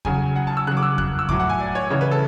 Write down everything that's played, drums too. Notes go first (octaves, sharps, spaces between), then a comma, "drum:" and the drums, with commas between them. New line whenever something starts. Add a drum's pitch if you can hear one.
C#3 F#3 G#5, drum: kick E2
F#5
A5
E6
C#3 F#3 F#6
D6
E6
F#6, drum: kick E2
E6
A2 F#3 D6, drum: kick E2
F#5
G#5
D5
C#5
C#3 E3 C#5
B4
A4